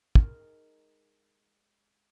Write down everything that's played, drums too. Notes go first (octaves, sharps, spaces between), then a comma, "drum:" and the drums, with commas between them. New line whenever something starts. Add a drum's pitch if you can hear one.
G#3 D#4 A#4, drum: kick